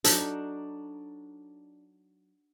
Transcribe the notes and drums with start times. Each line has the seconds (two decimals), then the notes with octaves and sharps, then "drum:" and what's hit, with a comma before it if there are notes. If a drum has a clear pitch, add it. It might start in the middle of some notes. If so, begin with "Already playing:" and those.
0.04 F#3 D4 D#4 A4, drum: hi-hat